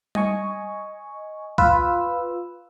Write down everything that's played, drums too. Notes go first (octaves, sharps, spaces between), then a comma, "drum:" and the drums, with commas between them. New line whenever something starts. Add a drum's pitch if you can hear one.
D#5 G#5 C#6, drum: tom G3
F4 B4 E6, drum: kick C2